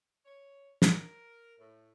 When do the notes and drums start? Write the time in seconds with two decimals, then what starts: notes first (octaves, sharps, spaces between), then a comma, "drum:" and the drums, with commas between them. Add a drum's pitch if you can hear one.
0.25 C#5
0.82 A#4, drum: snare
1.58 A2